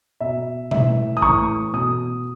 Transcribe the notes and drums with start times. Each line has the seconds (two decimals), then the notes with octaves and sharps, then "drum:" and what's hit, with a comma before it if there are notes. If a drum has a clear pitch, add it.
0.20 B2 E5
0.71 A2 E3 E5, drum: tom B2
1.17 D#6
1.22 A2 E3 C#6, drum: kick
1.73 B2 D#6